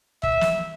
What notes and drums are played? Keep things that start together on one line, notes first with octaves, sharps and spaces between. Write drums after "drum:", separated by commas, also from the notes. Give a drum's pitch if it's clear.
E5, drum: kick
drum: snare